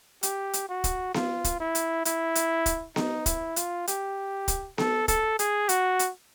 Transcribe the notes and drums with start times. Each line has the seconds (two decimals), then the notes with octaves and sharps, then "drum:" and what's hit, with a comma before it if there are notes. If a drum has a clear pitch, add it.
0.23 G4, drum: hi-hat
0.53 drum: hi-hat
0.69 F#4
0.84 drum: kick, hi-hat
1.14 F4, drum: snare B3
1.44 drum: kick, hi-hat
1.60 E4
1.75 drum: hi-hat
2.05 E4, drum: hi-hat
2.35 drum: hi-hat
2.66 drum: kick, hi-hat
2.96 D#4, drum: snare B3
3.26 E4, drum: kick, hi-hat
3.56 F4, drum: hi-hat
3.87 G4, drum: hi-hat
4.48 drum: kick, hi-hat
4.78 A4, drum: snare B3
5.08 A4, drum: kick, hi-hat
5.39 G#4, drum: hi-hat
5.69 F#4, drum: hi-hat
5.99 drum: hi-hat